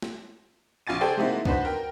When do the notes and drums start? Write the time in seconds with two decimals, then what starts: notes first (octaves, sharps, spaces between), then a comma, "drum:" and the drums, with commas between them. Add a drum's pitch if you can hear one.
0.02 drum: snare
0.87 A#1 F4 G#5 A6 D#7
1.01 G#4 A4 C5 D5 G5 G#5
1.17 G#3 A#3 C4 D#4 E4 F#4
1.45 B3 D4 D#4 F#4 B4 C5, drum: kick C#2
1.65 A#4 G5